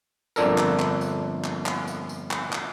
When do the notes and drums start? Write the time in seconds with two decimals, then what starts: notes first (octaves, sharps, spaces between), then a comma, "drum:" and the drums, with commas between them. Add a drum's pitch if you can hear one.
0.36 G1 F2 A#2 D4 A4 A#4, drum: tambourine
0.58 drum: clap
0.79 drum: clap
1.01 drum: tambourine
1.44 drum: clap
1.66 drum: clap
1.88 drum: tambourine
2.09 drum: tambourine
2.31 drum: clap
2.53 drum: clap